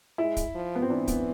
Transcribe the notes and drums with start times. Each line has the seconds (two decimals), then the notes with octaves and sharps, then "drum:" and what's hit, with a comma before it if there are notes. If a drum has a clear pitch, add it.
0.18 G#3 E4
0.37 drum: kick, hi-hat
0.55 F3
0.75 B3
0.82 C4
0.90 E3 D4
1.07 B3, drum: kick, hi-hat